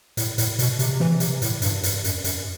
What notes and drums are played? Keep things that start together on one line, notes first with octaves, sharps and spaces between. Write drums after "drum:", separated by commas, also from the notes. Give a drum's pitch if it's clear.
A2, drum: hi-hat
A2, drum: hi-hat
B2, drum: hi-hat
C3, drum: hi-hat
E3, drum: snare
C3, drum: hi-hat
A2, drum: hi-hat
G2, drum: hi-hat
G2, drum: hi-hat
F#2, drum: hi-hat
F#2, drum: hi-hat